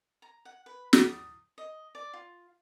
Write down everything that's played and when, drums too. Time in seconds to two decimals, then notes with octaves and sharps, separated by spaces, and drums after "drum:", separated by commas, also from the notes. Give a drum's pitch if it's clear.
0.22 A#5
0.45 F#5
0.66 B4
0.93 F5, drum: snare
1.05 D#6
1.58 D#5
1.95 D5
2.13 F4